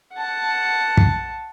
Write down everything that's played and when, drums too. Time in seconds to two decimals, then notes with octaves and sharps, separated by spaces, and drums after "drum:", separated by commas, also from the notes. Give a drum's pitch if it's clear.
0.14 F#5 A5
0.97 drum: kick